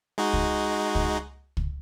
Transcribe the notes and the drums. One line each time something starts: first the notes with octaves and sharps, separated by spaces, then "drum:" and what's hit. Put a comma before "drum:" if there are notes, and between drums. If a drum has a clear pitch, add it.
G#3 D#4 F#4
drum: kick
drum: kick
drum: kick